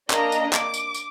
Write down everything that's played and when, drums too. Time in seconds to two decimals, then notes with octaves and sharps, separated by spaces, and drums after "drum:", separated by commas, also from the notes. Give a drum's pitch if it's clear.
0.10 A#3 D4 D#5 A#5, drum: clap
0.32 drum: tambourine
0.53 D6, drum: clap
0.74 drum: tambourine
0.94 drum: tambourine